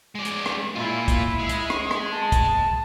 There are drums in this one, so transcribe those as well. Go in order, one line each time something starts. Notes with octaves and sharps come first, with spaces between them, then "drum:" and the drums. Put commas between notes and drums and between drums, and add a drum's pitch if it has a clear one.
G#3 D5
drum: hi-hat
drum: rim click
A#2 E4 F4
drum: kick, hi-hat
G#3
drum: hi-hat
drum: rim click
drum: rim click
A5
drum: kick, hi-hat